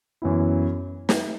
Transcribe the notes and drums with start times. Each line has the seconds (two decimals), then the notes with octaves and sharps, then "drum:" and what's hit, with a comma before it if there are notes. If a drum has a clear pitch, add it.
0.22 F#2 E3 B3 E4
1.09 drum: snare